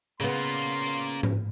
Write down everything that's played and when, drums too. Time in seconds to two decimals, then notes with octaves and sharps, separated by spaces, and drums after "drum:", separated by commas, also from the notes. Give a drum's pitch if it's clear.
0.20 C#3 A#3 B3 F4 C6
0.86 drum: hi-hat
1.23 drum: tom G#2